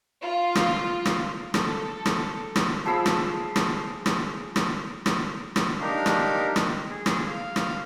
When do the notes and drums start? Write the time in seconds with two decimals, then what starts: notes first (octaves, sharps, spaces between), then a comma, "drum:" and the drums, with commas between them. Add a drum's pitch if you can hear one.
0.23 F4
0.55 drum: rim click
1.05 drum: rim click
1.54 A4, drum: rim click
2.06 drum: rim click
2.56 drum: rim click
2.86 F3 G#4 B5 E6
3.06 drum: rim click
3.56 drum: rim click
4.06 drum: rim click
4.56 drum: rim click
5.06 drum: rim click
5.56 drum: rim click
5.81 D4 D#4 G4 A#4 F5
6.06 drum: rim click
6.56 drum: rim click
6.89 G#4
7.06 drum: rim click
7.28 F5
7.56 drum: rim click